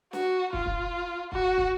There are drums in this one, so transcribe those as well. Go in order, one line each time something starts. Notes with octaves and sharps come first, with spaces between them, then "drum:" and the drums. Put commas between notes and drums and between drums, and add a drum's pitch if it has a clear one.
F#4, drum: snare
F4, drum: kick
drum: kick
F#4, drum: kick
drum: kick